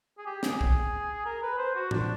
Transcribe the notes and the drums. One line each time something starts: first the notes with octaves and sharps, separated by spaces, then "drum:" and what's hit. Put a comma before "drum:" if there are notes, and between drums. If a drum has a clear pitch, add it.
G#4
G4
G#4, drum: snare
drum: kick
A#4
B4
C5
F#4
D4, drum: tom A2